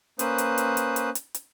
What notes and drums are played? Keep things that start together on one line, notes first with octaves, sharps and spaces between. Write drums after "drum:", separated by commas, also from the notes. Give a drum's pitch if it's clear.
A#3 C#4 B4 C5 D#6 F#6, drum: hi-hat
drum: hi-hat
drum: hi-hat
drum: hi-hat
drum: hi-hat
drum: hi-hat
drum: hi-hat